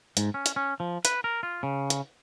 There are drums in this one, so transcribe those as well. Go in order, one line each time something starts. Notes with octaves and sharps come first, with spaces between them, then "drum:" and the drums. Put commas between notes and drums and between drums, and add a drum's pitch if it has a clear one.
G#2, drum: hi-hat
C#4
drum: hi-hat
C#4
F3
B4, drum: hi-hat
A#4
F4
C#3
drum: hi-hat